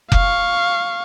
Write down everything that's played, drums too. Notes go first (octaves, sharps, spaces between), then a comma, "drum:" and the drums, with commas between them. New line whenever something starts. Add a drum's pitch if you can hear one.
F5 C#6, drum: kick F1